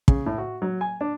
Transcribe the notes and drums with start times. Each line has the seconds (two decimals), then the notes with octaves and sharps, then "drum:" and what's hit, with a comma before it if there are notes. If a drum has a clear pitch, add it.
0.08 C#3, drum: kick
0.26 A2
0.38 F#4
0.62 F#3
0.81 G#5
1.01 D4